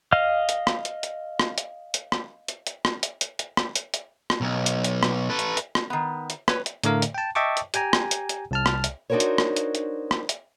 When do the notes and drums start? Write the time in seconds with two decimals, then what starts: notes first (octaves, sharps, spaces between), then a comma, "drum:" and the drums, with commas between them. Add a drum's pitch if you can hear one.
0.12 D#5 F5 F6
0.49 drum: hi-hat
0.67 drum: rim click
0.85 drum: hi-hat
1.03 drum: hi-hat
1.39 drum: rim click
1.58 drum: hi-hat
1.94 drum: hi-hat
2.12 drum: rim click
2.48 drum: hi-hat
2.67 drum: hi-hat
2.85 drum: rim click
3.03 drum: hi-hat
3.21 drum: hi-hat
3.39 drum: hi-hat
3.57 drum: rim click
3.76 drum: hi-hat
3.94 drum: hi-hat
4.30 drum: rim click
4.41 B1
4.66 drum: hi-hat
4.84 drum: hi-hat
5.03 drum: rim click
5.29 A4 B4
5.39 drum: hi-hat
5.57 drum: hi-hat
5.75 drum: rim click
5.90 D#3 B3
6.30 drum: hi-hat
6.48 B4 C#5, drum: rim click
6.66 drum: hi-hat
6.84 A2 D3 A3 A#4 F5, drum: hi-hat
7.02 drum: hi-hat
7.14 G5 A5
7.35 D#5 E5 G5 A5 C#6 D6
7.57 drum: hi-hat
7.74 G4 G5 G#5 A#5, drum: hi-hat
7.93 drum: rim click
8.11 drum: hi-hat
8.29 drum: hi-hat
8.51 C2 A5 F6
8.66 drum: rim click
8.84 drum: hi-hat
9.10 D4 D#4 F#4 A#4 C5 C#5
9.20 drum: hi-hat
9.38 drum: rim click
9.56 drum: hi-hat
9.75 drum: hi-hat
10.11 drum: rim click
10.29 drum: hi-hat